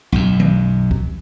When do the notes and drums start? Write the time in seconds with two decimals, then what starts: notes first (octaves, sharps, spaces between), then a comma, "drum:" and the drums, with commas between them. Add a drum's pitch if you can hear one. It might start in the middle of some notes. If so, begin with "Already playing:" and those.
0.12 B1 F#2
0.40 drum: tom D#3
0.91 drum: kick